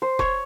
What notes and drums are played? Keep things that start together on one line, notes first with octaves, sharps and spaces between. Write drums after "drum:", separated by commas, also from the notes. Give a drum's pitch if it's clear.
C5
C#5, drum: kick E1